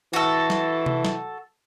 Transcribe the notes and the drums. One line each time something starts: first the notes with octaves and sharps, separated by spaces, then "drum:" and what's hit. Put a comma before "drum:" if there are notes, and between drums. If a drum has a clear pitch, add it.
E3 F#4 A4
drum: snare
drum: tom C3
drum: snare